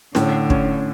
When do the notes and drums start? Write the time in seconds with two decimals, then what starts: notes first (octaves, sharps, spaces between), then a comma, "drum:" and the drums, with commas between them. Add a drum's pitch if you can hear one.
0.15 A2 D3, drum: snare C#4
0.50 C#4, drum: kick